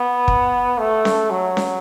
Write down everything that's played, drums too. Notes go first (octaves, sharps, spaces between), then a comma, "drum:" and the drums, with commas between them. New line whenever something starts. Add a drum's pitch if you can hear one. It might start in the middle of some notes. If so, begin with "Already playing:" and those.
Already playing: B3
drum: kick
A3
drum: snare C#4
F#3
drum: snare C#4